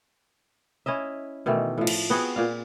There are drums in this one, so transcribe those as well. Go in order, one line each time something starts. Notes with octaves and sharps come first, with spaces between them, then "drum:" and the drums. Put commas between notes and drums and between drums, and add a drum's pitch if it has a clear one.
C#4 E4 D#5 E5
B2 D#3 E3 A3
A2 F3
drum: cymbal
B3 C4 F#4 G#4
A#2 D5 F5